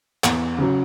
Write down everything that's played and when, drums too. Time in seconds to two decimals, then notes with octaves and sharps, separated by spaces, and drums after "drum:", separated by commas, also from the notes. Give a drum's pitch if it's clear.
0.24 E2, drum: clap
0.58 C#3 F#3